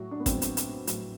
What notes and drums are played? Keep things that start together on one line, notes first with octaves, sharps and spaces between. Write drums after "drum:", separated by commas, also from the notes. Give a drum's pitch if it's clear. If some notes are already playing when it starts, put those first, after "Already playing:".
Already playing: A2 F#3 F#4
D4
B3
A2 F#3 C4, drum: kick, hi-hat
drum: hi-hat
drum: hi-hat
A2 F#3, drum: hi-hat